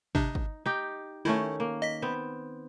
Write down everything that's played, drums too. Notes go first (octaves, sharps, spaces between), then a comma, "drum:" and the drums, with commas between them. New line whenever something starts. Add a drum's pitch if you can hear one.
C3 D4 D#4, drum: kick
drum: kick
D#4 G4
D#3 A3 C#4 E4
A#3
D#5 B6
B3 C4